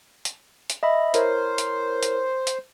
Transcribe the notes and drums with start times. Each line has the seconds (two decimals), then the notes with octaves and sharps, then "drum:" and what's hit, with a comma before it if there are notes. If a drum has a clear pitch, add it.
0.25 drum: hi-hat
0.70 drum: hi-hat
0.83 D#5 E5 B5
1.14 E4 A#4 C5 C#5, drum: hi-hat
1.58 drum: hi-hat
2.03 drum: hi-hat
2.47 drum: hi-hat